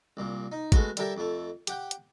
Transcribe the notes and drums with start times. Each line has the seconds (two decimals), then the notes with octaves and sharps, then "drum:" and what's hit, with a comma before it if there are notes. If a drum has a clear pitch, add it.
0.17 C2 A#2
0.52 D#4
0.72 G#3 A3 B3 F#4, drum: kick G#1, hi-hat
0.97 G3 E4 G4 A4 A#4 E5, drum: hi-hat
1.17 F2 A3
1.67 G4 F#5 G5, drum: hi-hat
1.91 drum: hi-hat